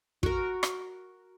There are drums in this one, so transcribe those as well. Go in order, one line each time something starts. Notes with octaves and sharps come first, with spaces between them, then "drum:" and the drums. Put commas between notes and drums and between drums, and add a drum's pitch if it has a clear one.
F#4 A#4, drum: kick
drum: rim click